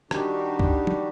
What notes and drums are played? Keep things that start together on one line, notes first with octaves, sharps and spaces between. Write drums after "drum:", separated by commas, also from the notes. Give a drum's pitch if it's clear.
D#3 G3 D4 D#4 F#4 G4, drum: rim click
drum: kick
drum: tom F3